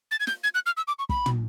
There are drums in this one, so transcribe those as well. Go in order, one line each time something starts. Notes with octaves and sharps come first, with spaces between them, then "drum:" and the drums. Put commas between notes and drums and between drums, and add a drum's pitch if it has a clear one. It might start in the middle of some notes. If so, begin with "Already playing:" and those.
A6
G#6
G6, drum: snare
G#6
F#6
F6
E6
D6
C#6
B5, drum: kick
drum: tom